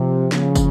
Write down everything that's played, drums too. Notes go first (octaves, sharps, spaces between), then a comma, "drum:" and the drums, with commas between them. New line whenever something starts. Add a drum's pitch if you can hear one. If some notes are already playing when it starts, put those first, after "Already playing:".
Already playing: C3 F3
C#3, drum: snare
drum: kick, tambourine